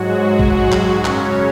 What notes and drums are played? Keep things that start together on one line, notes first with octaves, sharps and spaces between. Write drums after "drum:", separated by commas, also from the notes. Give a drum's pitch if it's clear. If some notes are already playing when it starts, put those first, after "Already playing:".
Already playing: G#2 F#3 G#3 F#4
drum: kick A1
drum: clap
F#2 C#3 F#3 C#4 C#5, drum: clap